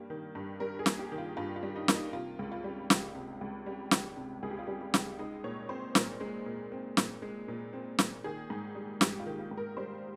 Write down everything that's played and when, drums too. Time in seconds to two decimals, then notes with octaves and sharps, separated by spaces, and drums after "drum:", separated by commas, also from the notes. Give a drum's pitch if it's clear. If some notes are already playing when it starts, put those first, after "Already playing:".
Already playing: G2 G3 A#3
0.10 D#3
0.35 G2
0.60 G3 A#4
0.79 G#4
0.86 A#3, drum: snare
0.99 G4
1.12 D#3
1.18 F4
1.37 G2 F4
1.56 F4
1.63 G3
1.76 D#4
1.88 A#3, drum: snare
1.95 D#4
2.13 C3 F4
2.39 C#2
2.52 F4
2.64 G3
2.90 C#2, drum: snare
3.15 C3
3.41 C#2
3.66 G3
3.91 C#2, drum: snare
4.17 C3
4.43 C#2 G#4
4.51 G4
4.59 F4
4.67 G3 G4
4.81 G4
4.94 C#2, drum: snare
5.19 G#3 D#4
5.44 A#2 C#5
5.69 C4 C5
5.95 A#2 A#4, drum: snare
6.20 G#3
6.46 A#2
6.72 C4
6.97 A#2, drum: snare
7.22 G#3
7.48 A#2
7.73 C4
7.99 A#2, drum: snare
8.24 D#3 G#4
8.50 G#2
8.75 G3
9.01 G#2 G4, drum: snare
9.20 F4
9.26 D#3
9.39 F4
9.51 G#2
9.57 A#4
9.77 G3 C5